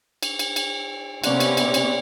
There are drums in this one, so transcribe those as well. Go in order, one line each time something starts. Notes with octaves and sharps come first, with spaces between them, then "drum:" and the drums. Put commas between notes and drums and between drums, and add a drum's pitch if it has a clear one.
drum: cymbal
drum: cymbal
drum: cymbal
C3 A#3 B3 C#4 D5 F#5, drum: cymbal
drum: cymbal
drum: cymbal
drum: cymbal